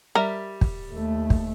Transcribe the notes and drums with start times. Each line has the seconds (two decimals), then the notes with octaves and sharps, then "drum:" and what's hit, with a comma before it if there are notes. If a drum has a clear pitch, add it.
0.15 G3 A#4 E5
0.61 drum: kick
0.91 D#2 A3
1.30 drum: kick